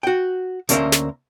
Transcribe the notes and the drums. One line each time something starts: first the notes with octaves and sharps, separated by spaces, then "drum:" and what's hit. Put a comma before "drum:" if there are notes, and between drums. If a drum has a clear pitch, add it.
F#4 G5
D2 A#3 C#4 A#4 C5 E5, drum: hi-hat
drum: snare